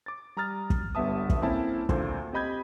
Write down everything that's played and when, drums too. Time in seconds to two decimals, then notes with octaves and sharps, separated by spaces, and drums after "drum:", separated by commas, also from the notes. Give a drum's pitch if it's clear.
0.06 D6 A6
0.37 G3 A#5 D#6 F6 A6
0.70 drum: kick
0.95 G1 G3 B3 E5 A5 D#6
1.30 drum: kick
1.42 A#3 C4 C#4 E4 A4 A5
1.89 D2 A#2 A4 C5, drum: kick
2.33 C4 G4 D#5 B5 G6 G#6